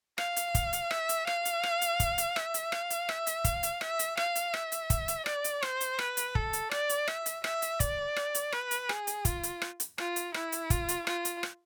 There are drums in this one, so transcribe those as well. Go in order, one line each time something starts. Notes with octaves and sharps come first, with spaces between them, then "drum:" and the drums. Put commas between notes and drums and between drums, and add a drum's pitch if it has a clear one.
F5, drum: rim click
drum: hi-hat
drum: kick, hi-hat
drum: hi-hat
E5, drum: rim click
drum: hi-hat
F5, drum: rim click
drum: hi-hat
drum: rim click
drum: hi-hat
drum: kick, hi-hat
drum: hi-hat
E5, drum: rim click
drum: hi-hat
F5, drum: rim click
drum: hi-hat
E5, drum: rim click
drum: hi-hat
F5, drum: kick, hi-hat
drum: hi-hat
E5, drum: rim click
drum: hi-hat
F5, drum: rim click
drum: hi-hat
E5, drum: rim click
drum: hi-hat
drum: kick, hi-hat
drum: hi-hat
D5, drum: rim click
drum: hi-hat
C5, drum: rim click
drum: hi-hat
B4, drum: rim click
drum: hi-hat
A4, drum: kick
drum: hi-hat
D5, drum: rim click
drum: hi-hat
E5, drum: rim click
drum: hi-hat
E5, drum: rim click
drum: hi-hat
D5, drum: kick, hi-hat
drum: rim click
drum: hi-hat
B4, drum: rim click
drum: hi-hat
G#4, drum: rim click
drum: hi-hat
F4, drum: kick, hi-hat
drum: hi-hat
drum: rim click
drum: hi-hat
F4, drum: rim click
drum: hi-hat
E4, drum: rim click
drum: hi-hat
F4, drum: kick, hi-hat
drum: hi-hat
F4, drum: rim click
drum: hi-hat
drum: rim click